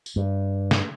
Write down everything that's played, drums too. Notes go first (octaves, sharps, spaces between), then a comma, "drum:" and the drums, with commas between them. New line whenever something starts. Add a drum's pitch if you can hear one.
drum: tambourine
G2
drum: snare